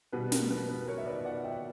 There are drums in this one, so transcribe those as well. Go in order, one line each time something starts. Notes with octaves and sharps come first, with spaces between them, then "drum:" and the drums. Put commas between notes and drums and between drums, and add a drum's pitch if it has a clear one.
B2 G3 B4
A#4, drum: snare
B4
B4
A#4 C#5
E5
B4 D5
D5 F#5
E5 G5